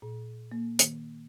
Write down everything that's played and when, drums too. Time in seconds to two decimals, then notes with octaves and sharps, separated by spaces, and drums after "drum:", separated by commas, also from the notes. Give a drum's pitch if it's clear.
0.02 A#2
0.52 A#3
0.79 D#3, drum: hi-hat